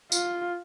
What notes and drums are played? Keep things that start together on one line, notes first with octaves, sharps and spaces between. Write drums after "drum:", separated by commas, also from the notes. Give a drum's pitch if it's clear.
F4, drum: tambourine